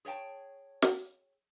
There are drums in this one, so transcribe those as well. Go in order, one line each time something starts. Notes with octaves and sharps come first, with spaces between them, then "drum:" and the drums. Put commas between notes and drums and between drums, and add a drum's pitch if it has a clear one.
G#4 C#5 D#5 G5 A5
drum: snare